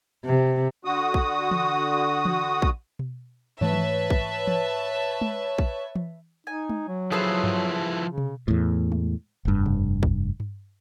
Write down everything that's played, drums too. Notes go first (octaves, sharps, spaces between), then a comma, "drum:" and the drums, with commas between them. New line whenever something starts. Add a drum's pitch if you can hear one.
C3
D3 F#4 D#6
drum: kick
drum: tom E3
drum: tom E3
drum: kick
drum: tom B2
G#2 E3 A3 B4 C#5 E5 A5
drum: tom E3
drum: kick
drum: tom E3
drum: tom G#3
drum: kick
drum: tom E3
D#4 G#5
drum: tom G#3
F#3
F3 E4 G#4 A4 B4 C5
drum: tom G2
C#3
drum: tom B2
E2 A2
drum: tom G#3
F1 G2
drum: tom B2
drum: kick
drum: tom G2